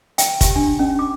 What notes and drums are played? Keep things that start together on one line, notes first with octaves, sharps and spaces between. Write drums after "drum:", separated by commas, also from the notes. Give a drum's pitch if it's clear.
G5, drum: hi-hat
G4, drum: kick, hi-hat
D4
C#4
D6